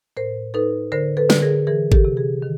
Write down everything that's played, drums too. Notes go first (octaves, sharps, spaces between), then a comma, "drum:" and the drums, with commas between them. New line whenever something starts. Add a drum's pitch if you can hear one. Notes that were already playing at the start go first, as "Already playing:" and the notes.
A2 A#4 C5
D#4 A4 B4
D3 A#4 C5
A4 B4
D3, drum: snare
G#4 A#4
E3 G#4 A#4
G4 A4, drum: kick G#1
C3
G#4
D#3